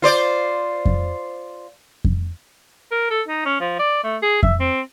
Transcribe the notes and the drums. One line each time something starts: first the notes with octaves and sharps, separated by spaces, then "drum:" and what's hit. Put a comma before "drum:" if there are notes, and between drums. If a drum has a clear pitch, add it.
F4 C5 D5
drum: kick F2
drum: kick F2
A#4
A4
D#4
C#4
F3
D5
A3
G#4
E5, drum: kick F2
C4